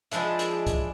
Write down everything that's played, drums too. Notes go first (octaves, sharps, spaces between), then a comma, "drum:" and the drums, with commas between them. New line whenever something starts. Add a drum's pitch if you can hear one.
F3 G#3 D4 E4, drum: hi-hat
drum: hi-hat
drum: kick C2, hi-hat